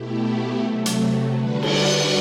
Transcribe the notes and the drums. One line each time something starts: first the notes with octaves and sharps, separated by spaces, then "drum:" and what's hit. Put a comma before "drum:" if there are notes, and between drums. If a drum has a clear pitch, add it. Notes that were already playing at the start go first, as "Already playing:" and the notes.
Already playing: B2 A3 E4 G4
C3 F#3 A3
drum: hi-hat
D3 G3 D4 F#4 B4
drum: cymbal